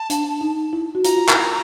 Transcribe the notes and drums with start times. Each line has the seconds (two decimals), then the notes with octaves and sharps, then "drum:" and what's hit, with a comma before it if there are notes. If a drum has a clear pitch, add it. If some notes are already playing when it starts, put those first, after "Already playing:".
Already playing: A5
0.10 D4, drum: hi-hat
0.41 D#4
0.73 E4
0.95 F#4
1.04 F4 A#5, drum: hi-hat
1.16 F4
1.29 E4, drum: clap